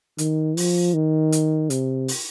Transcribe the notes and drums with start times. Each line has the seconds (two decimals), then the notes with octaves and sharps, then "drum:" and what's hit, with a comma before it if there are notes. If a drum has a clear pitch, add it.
0.18 D#3, drum: hi-hat
0.57 F3, drum: open hi-hat
0.94 D#3
1.32 drum: hi-hat
1.70 C3, drum: hi-hat
2.08 drum: open hi-hat